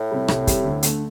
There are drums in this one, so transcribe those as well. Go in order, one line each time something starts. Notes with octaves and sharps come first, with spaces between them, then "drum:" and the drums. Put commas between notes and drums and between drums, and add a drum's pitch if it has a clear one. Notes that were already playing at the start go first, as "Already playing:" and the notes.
Already playing: A2
C3 G3
C2, drum: rim click
C3 G3, drum: kick, hi-hat
D2
D3 A3, drum: hi-hat